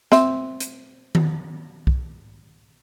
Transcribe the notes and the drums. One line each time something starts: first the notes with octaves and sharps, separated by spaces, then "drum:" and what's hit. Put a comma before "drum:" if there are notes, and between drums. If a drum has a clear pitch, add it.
C4 E5, drum: snare
drum: hi-hat
drum: tom D#3
drum: kick B1